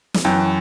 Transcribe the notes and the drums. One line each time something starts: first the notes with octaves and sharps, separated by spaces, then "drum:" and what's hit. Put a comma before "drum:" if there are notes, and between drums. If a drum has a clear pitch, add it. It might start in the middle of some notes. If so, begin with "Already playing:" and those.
drum: snare
F#2 E3 G5